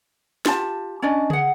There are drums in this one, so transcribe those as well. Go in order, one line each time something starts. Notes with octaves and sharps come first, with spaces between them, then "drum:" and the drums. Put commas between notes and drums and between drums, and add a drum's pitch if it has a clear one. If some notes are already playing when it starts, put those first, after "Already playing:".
F4 G4 A5, drum: snare
C#4 D4 D5 D#5
G#4 F#5, drum: tom C#3